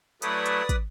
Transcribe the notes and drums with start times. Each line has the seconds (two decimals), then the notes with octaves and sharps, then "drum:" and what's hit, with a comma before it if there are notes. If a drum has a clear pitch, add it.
0.22 F#3 A3 E4 B4 D5 D#6, drum: hi-hat
0.46 drum: hi-hat
0.69 drum: kick, hi-hat